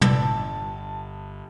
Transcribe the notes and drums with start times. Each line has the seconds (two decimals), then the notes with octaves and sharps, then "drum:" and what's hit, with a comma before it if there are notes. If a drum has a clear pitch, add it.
0.01 G1 B3 A4 D5 A5, drum: tom